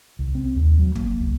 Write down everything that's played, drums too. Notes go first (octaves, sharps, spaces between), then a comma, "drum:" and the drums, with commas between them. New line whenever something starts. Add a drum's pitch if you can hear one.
C2
C4
D#2
F#3
A#3, drum: kick
C2